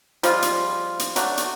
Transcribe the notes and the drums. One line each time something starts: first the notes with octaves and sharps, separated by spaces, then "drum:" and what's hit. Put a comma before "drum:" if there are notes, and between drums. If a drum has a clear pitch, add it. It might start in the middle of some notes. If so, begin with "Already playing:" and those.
F3 G3 G#3 F4, drum: hi-hat
drum: hi-hat
drum: hi-hat
F#3 A3 D4, drum: hi-hat
drum: hi-hat